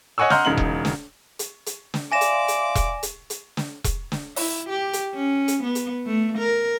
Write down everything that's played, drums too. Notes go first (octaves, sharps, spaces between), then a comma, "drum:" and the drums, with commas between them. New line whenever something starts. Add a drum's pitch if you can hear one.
C#5 D#5 F#5 G#5 C#6 E6
D#5 F#5 A#5 C6 F6 G6, drum: snare
E1 C#3 D#4 F#7
drum: kick E1
drum: snare
drum: hi-hat
drum: hi-hat
drum: snare
D5 E5 F5 G#5 C6 D6 A#6 E7
drum: hi-hat
drum: hi-hat
drum: kick E1, hi-hat
drum: hi-hat
drum: hi-hat
drum: snare
drum: kick E1, hi-hat
drum: snare
E4, drum: open hi-hat
G4
drum: hi-hat
C#4
drum: hi-hat
B3
drum: hi-hat
A3
A#4